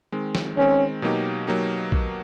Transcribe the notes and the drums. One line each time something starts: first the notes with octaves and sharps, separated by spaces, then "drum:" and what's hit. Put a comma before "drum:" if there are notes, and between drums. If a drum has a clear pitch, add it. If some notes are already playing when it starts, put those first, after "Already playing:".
D#3 G#3 C4
drum: snare
D#3 G#3 C4 C#4
B2 F#3 A#3 D#4 G4
F#3 A#3 D#4 G4
drum: kick